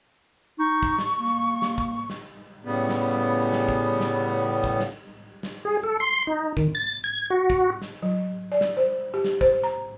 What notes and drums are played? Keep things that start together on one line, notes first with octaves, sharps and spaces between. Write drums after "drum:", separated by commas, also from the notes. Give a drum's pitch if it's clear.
D#4 C#6
drum: kick
drum: snare
A#3
drum: snare
drum: kick
drum: snare
A2 C#3 G3 B3
drum: snare
drum: snare
drum: kick
drum: snare
drum: kick
drum: snare
drum: snare
G#4
A4
C6
D#4
D#3, drum: kick
A6
G#6
F#4
drum: kick
drum: snare
F#3
D5
drum: snare
C5
G4
drum: snare
C5, drum: kick
A#5